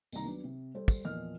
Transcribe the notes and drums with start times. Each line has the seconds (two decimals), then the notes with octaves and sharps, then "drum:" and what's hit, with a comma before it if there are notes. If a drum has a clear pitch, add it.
0.12 C2 D#3 G3 A#3 A#5, drum: tambourine
0.25 F#3 B3 D4
0.44 C3
0.75 G3 A4 C5
0.88 drum: kick, tambourine
1.05 E2 A#2 F3 D#5 F6